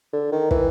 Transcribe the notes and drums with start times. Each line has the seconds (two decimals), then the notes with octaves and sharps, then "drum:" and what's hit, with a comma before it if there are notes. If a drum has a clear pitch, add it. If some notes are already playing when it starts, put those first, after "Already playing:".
0.13 D3
0.32 D#3
0.51 E3, drum: kick